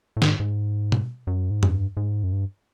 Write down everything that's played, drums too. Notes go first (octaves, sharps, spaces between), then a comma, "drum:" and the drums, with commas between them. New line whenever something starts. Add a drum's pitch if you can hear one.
A2
G#2, drum: snare
G#2
drum: tom B2
F#2
G#2
G2, drum: tom F2
G#2
F#2
G2